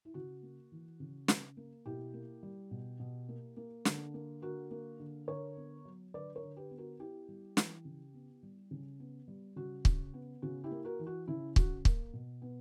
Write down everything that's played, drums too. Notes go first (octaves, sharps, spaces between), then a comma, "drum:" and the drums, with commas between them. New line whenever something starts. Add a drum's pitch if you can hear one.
E4
C#3 F#4
A#3
E3
C#3
C#3, drum: snare
A#3
B2 E4 G4
A#3
G3
B2
B2
A#3
A#3
D3, drum: snare
A#3
D3 F#4 A#4
A#3
D3
D3 A#4 C#5
B3
F#3
D3 B4 D5
A#4 C#5
D3
G4 B4
B3
F#4 A#4
B3 E4 G4
G3
E3, drum: snare
C#3
B3
G3
C#3
B3
G3
C#3 F#4
C#3, drum: kick
B3
C#3 F#4
E4 G4
A#3
F#4 A#4
E3
F#4
C#3 E4
C#3 F#4, drum: kick
A#3, drum: kick
B2
B3